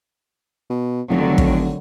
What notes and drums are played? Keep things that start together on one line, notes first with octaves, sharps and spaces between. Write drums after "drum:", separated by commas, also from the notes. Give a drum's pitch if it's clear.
B2
F1 D3 D#3 F#3
drum: kick